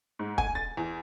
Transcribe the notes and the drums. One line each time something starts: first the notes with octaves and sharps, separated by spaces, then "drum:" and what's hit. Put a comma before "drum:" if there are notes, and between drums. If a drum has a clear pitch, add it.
G#2
G#5, drum: kick
A6
E2